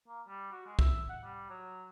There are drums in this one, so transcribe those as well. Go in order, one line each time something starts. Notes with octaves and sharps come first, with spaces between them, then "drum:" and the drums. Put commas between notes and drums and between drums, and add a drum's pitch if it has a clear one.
A#3
G3
F#4
G#3
E5, drum: kick
F#5
G3
F#3